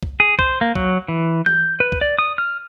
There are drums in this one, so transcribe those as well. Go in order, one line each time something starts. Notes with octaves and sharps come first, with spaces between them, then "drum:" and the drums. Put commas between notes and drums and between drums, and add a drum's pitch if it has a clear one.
drum: kick
G#4
C5, drum: kick
A#3
F#3, drum: kick
E3
G6, drum: tom E3
B4
drum: kick
D5
D#6
F6